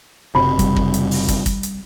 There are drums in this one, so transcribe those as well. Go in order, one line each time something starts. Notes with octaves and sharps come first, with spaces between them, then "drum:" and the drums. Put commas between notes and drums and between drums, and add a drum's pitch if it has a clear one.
F#1 C3 B5
G3, drum: kick, hi-hat
drum: kick
drum: hi-hat
drum: open hi-hat
drum: kick, hi-hat
drum: kick, hi-hat
drum: hi-hat